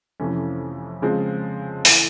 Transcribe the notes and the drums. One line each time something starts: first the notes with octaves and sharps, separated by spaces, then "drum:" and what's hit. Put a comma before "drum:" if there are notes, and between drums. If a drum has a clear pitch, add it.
F2 C3 E3 A3 C#4
C#3 F3 G#3 C4
E3 A3, drum: open hi-hat